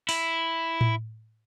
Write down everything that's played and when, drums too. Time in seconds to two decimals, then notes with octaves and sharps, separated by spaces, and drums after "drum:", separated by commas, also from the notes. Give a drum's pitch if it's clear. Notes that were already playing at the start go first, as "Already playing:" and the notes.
0.09 E4, drum: open hi-hat
0.81 drum: tom A2